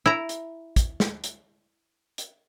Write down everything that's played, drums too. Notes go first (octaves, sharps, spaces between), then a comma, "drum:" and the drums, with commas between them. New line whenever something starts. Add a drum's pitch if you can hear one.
E4 A#5
drum: hi-hat
drum: kick, hi-hat
drum: snare
drum: hi-hat
drum: hi-hat